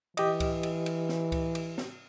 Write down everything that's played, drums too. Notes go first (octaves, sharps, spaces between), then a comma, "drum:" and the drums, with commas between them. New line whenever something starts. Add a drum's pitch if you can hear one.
E3 G4 D#5, drum: cymbal
drum: kick C#2, cymbal
drum: cymbal
drum: cymbal
drum: snare
drum: kick C#2, cymbal
drum: cymbal
drum: snare